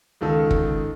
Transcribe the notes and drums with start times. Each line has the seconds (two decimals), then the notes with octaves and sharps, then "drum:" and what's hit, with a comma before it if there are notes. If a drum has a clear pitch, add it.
0.21 C#2 D#3 A4
0.51 drum: kick